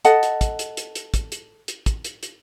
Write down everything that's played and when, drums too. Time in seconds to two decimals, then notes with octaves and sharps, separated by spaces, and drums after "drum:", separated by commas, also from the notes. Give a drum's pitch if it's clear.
0.05 A4 D#5 F#5, drum: hi-hat
0.23 drum: hi-hat
0.41 drum: kick, hi-hat
0.59 drum: hi-hat
0.77 drum: hi-hat
0.95 drum: hi-hat
1.14 drum: kick, hi-hat
1.32 drum: hi-hat
1.68 drum: hi-hat
1.86 drum: kick, hi-hat
2.04 drum: hi-hat
2.23 drum: hi-hat